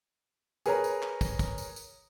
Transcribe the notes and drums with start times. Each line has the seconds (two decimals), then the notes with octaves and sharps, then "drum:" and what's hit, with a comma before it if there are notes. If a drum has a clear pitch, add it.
0.66 G#4 A#4 B4 C#5 A#5, drum: tambourine
0.84 drum: tambourine
1.02 drum: clap
1.21 drum: kick, tambourine
1.39 drum: kick, tambourine
1.58 drum: tambourine
1.76 drum: tambourine